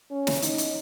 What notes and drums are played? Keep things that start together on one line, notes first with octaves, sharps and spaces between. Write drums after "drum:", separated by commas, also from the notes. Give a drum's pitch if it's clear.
C#4
drum: snare
D#4, drum: hi-hat
drum: hi-hat